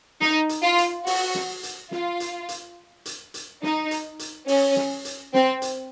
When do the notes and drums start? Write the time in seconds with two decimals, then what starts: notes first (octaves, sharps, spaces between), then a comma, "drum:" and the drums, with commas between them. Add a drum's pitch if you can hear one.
0.21 D#4, drum: snare
0.49 drum: hi-hat
0.63 F4
0.78 drum: hi-hat
1.07 F#4, drum: open hi-hat
1.35 drum: snare
1.63 drum: hi-hat
1.91 F4, drum: snare
2.20 drum: hi-hat
2.49 drum: hi-hat
3.06 drum: hi-hat
3.34 drum: hi-hat
3.63 D#4, drum: snare
3.91 drum: hi-hat
4.19 drum: hi-hat
4.48 C#4, drum: open hi-hat
4.76 drum: snare
5.05 drum: hi-hat
5.34 C4, drum: snare
5.62 drum: hi-hat